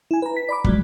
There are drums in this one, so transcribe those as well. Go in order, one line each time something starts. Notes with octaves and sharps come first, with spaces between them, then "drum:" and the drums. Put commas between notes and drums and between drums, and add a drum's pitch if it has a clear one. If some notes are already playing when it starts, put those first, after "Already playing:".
E4 G#5
B4 A#5
B6
D5 B5 D6
F3 F#3 G#3, drum: kick